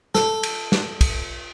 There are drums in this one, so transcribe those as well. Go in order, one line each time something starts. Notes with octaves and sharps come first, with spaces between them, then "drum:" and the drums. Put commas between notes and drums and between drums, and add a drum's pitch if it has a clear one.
A4, drum: snare
drum: cymbal
drum: snare
drum: kick, cymbal